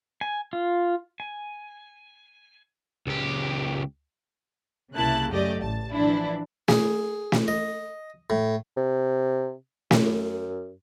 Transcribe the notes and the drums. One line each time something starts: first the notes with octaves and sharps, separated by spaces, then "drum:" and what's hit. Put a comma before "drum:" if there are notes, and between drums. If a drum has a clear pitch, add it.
G#5
F4
G#5
C#2 G4
C2 C#3 A#3 E4 A5 F#6
F#2 A3 G4 D5 D#5
A1 A5
E3 F3 D4 E4
G#4, drum: snare
drum: snare
D#5
A2
C3
F#2, drum: snare